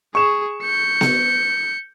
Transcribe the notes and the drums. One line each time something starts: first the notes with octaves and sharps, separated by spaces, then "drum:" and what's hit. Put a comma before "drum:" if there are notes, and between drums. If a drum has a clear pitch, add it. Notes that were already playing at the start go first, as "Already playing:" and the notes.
G#4 C#6 E7
G6 C#7
drum: snare B3